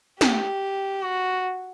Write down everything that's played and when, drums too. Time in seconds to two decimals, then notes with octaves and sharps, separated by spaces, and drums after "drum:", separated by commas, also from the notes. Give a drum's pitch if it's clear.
0.21 G4, drum: snare
1.03 F#4